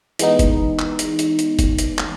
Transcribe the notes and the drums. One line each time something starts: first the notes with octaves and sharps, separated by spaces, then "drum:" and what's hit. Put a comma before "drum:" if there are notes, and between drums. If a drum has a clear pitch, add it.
E3 G#3 B3 D#4, drum: hi-hat
drum: kick F#1, hi-hat
drum: clap
drum: hi-hat
drum: hi-hat
drum: hi-hat
drum: kick F#1, hi-hat
drum: hi-hat
drum: clap